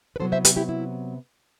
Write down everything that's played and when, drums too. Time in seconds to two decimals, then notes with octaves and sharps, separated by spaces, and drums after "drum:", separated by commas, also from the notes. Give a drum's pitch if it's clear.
0.16 B4
0.20 C3 D#3 F#3 B3 E4 A4 C5
0.32 C5 E5
0.45 G4 B4, drum: hi-hat
0.56 E4 G4
0.69 E4